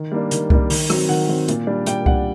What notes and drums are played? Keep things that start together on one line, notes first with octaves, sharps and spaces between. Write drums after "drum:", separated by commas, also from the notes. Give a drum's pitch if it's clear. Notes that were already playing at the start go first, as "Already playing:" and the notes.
Already playing: D#3
G3 A#3 D4
D#3, drum: hi-hat
G3 A#3 D4, drum: kick C2
D#3, drum: open hi-hat
F#3 C4, drum: rim click
D#3 F#5
F#3 C4
A#2, drum: hi-hat
G3 D4
A#2 G5, drum: hi-hat
G3 D4 F#5, drum: kick C2